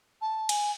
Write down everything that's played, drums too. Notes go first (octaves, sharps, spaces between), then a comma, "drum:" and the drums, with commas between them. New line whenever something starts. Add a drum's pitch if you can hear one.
A5
G#5, drum: cymbal